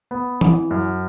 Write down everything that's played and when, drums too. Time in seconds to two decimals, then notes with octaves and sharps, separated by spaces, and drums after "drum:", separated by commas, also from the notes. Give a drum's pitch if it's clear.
0.11 B3
0.41 E3, drum: tom E3
0.71 F#2